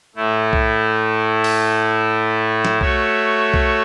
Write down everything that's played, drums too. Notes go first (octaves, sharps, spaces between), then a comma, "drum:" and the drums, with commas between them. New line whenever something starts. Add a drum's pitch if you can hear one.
A2 A3 E4
drum: kick B1
drum: open hi-hat
drum: snare
A3 F#4 C#5 E5, drum: kick B1
drum: kick B1